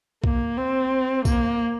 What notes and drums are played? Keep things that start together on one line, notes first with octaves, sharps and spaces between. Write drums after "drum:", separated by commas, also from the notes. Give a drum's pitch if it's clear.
A#3, drum: kick B1
C4
A#3, drum: kick B1, tambourine